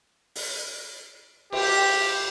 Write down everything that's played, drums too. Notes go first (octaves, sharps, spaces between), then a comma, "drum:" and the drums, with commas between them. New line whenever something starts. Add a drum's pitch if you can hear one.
drum: open hi-hat
G4, drum: cymbal